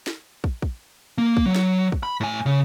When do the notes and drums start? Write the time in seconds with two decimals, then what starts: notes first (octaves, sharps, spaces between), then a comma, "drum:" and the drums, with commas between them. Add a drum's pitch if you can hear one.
0.07 drum: snare
0.44 drum: kick
0.62 drum: kick
1.18 A#3
1.37 drum: kick
1.46 F#3
1.55 drum: snare
1.92 drum: kick
2.03 B5
2.21 A2 G#5
2.46 C#3